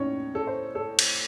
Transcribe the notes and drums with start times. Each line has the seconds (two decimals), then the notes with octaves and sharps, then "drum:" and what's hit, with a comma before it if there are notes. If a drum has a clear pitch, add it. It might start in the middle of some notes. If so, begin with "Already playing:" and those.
Already playing: A2 C#4 D#4 C#5
0.35 A4
0.47 C5
0.75 A4
0.99 drum: cymbal